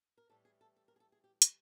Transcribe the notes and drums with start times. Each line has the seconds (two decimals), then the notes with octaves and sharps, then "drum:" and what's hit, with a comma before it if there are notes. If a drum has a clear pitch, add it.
0.18 A#4
0.29 A2 E3 G3 A4
0.45 G#4
0.61 A4
0.76 A4
0.88 A#4
0.96 G#4
1.00 A4
1.12 G#4
1.24 G4
1.42 D#4, drum: hi-hat